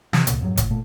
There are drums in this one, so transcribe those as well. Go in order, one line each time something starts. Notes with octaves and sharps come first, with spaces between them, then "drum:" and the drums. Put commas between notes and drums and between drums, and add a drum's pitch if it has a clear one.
C3, drum: snare
D1 C2 A#2, drum: hi-hat
F2 G#2 F#3
A2, drum: kick F#1, hi-hat
A#2 A3